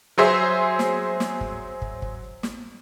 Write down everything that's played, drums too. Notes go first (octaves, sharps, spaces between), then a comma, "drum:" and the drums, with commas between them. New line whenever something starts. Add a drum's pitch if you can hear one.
F#3 G#4 C5 E5
drum: snare
drum: snare
drum: kick
drum: kick
drum: kick
drum: snare